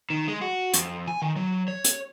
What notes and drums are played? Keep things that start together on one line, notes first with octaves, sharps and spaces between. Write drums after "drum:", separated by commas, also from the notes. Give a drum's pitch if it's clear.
D#3
G#3
F#4
F2, drum: hi-hat
G#5
D#3
F#3
C#5
drum: hi-hat